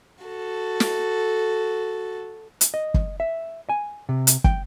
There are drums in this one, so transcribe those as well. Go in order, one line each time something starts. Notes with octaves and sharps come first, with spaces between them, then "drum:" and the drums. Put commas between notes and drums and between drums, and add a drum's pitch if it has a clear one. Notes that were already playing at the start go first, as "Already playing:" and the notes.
F#4 A4
drum: snare
drum: hi-hat
D#5
drum: kick
E5
G#5
C3
drum: hi-hat
G5, drum: kick